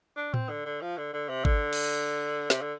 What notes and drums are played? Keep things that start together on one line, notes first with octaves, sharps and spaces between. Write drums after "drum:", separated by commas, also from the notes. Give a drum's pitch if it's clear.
D4
C4, drum: tom A2
D3
D3
F3
D3
D3
C3
D3, drum: kick G#1
drum: cymbal
C3, drum: snare
D3